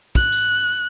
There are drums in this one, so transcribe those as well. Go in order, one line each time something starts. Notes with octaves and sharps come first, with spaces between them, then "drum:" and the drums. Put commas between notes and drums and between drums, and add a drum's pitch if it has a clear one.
F#6, drum: kick
drum: tambourine